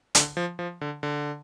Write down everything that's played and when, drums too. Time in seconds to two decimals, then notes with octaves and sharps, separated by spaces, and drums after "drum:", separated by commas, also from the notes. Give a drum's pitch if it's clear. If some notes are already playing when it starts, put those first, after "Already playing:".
0.15 D3, drum: hi-hat
0.37 F3
0.59 F3
0.81 D3
1.03 D3